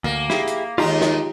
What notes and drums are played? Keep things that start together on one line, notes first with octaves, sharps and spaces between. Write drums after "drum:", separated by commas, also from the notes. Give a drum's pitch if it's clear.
D2 A#3
E4 G4 G#4, drum: snare
drum: hi-hat
D#2 G#3 D#4 F4 G4 A#5
drum: snare